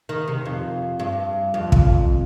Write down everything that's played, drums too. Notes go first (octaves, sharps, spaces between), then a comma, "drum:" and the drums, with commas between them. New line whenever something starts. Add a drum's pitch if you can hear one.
D#3
C3
F2
G2
F2
drum: kick